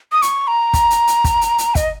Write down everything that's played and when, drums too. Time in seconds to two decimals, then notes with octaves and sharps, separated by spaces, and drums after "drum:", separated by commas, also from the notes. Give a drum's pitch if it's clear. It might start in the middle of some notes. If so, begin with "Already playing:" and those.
0.12 D#6
0.22 C#6, drum: hi-hat
0.48 A#5
0.73 drum: kick, hi-hat
0.90 drum: hi-hat
1.07 drum: hi-hat
1.24 drum: kick, hi-hat
1.41 drum: hi-hat
1.58 drum: hi-hat
1.75 D#5, drum: kick, hi-hat